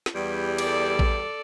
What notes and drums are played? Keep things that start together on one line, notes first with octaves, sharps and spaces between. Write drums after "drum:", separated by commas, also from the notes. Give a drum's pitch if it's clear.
drum: snare
E2 G3
A4 D5, drum: cymbal
drum: kick A1